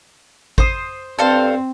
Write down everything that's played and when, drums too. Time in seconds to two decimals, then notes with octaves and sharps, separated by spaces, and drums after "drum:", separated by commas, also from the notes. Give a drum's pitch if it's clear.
0.58 C5 D#6, drum: kick G#1
1.19 G2 C4 A4 C5 F5